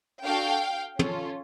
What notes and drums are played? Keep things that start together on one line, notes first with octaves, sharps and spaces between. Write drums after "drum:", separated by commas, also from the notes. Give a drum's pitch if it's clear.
D4 F#4 A4 F5 G5
C#4 F4 A4, drum: tom